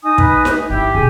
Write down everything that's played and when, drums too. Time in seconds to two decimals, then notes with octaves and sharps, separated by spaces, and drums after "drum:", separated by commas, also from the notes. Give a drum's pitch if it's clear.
0.03 D#4 G#5 D#6
0.18 B4, drum: kick
0.45 drum: snare D#4
0.70 G#1 E4 G4
0.94 B2 D3 G#4 G#5